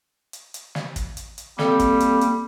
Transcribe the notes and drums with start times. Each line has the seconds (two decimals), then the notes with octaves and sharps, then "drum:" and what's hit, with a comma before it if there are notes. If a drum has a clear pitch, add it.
0.33 drum: hi-hat
0.54 drum: hi-hat
0.75 drum: snare
0.96 drum: kick, hi-hat
1.17 drum: hi-hat
1.38 drum: hi-hat
1.59 G3 A#3 C4 A4, drum: snare
1.79 drum: kick, hi-hat
2.00 drum: hi-hat
2.21 drum: hi-hat